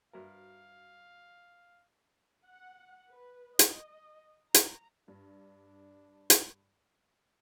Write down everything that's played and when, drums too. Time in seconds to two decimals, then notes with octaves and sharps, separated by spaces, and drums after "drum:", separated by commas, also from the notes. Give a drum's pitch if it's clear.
0.13 G2 F#4 A#4 C5 E5 F5
2.47 F#5
3.10 B4
3.59 D#5, drum: hi-hat
4.54 A#5, drum: hi-hat
5.08 G2 D4
6.30 drum: hi-hat